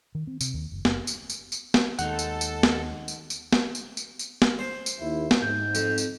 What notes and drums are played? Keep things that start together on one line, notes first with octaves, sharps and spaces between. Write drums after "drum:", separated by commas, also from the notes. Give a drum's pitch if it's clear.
D#3
C4
C3, drum: tambourine
D#2
F#1
F#1, drum: snare
drum: tambourine
drum: tambourine
drum: tambourine
drum: snare
D#2 D#3 G#3 D#4 A4 F#5, drum: tambourine
drum: tambourine
drum: tambourine
drum: snare
drum: tambourine
drum: tambourine
drum: snare
drum: tambourine
drum: tambourine
drum: tambourine
drum: snare
C5
drum: tambourine
D#2 E4
drum: snare
G#2 G6
F2, drum: tambourine
drum: tambourine